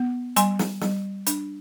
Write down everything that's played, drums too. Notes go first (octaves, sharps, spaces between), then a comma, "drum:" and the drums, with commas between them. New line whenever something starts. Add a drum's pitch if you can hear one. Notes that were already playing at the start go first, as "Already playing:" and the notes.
Already playing: B3
G3 G#5 C6, drum: hi-hat
drum: snare
G3, drum: snare
D4, drum: hi-hat